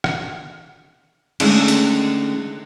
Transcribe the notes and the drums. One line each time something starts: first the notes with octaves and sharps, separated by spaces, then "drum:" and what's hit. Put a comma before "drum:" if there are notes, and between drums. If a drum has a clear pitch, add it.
drum: rim click
D3 D#3 G#3 A3 C#4, drum: cymbal
drum: hi-hat